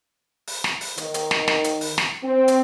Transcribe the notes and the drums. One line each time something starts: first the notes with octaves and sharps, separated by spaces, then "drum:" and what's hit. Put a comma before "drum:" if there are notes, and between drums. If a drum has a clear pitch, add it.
drum: open hi-hat
drum: snare
drum: open hi-hat
D#3, drum: hi-hat
drum: hi-hat
drum: snare
drum: snare
drum: hi-hat
drum: open hi-hat
drum: snare
C4
drum: hi-hat